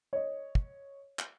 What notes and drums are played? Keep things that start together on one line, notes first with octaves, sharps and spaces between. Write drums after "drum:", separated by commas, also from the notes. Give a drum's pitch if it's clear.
C#5 D#5
drum: kick
drum: clap